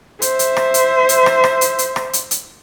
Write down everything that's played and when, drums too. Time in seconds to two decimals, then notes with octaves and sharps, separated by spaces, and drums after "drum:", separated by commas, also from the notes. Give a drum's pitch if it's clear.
0.22 C5 E5, drum: hi-hat
0.39 drum: hi-hat
0.57 drum: rim click
0.74 drum: hi-hat
1.09 drum: hi-hat
1.26 drum: rim click
1.44 drum: rim click
1.61 drum: hi-hat
1.79 drum: hi-hat
1.96 drum: rim click
2.13 drum: hi-hat
2.31 drum: hi-hat